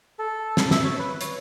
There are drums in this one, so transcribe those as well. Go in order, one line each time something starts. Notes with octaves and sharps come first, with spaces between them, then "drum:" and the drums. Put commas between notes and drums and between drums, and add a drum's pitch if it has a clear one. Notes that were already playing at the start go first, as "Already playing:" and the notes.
A4
drum: snare
E5, drum: snare
C#5
B4
C#5, drum: hi-hat